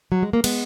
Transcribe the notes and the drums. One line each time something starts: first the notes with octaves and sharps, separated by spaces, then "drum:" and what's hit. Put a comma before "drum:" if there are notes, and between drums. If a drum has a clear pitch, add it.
F#3
G#3
A#3
G#3 B3, drum: cymbal